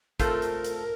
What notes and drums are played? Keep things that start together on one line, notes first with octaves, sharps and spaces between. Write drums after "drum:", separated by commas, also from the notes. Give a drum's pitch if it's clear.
A3 C4 F4 A4 A#4, drum: kick, hi-hat
drum: hi-hat
drum: hi-hat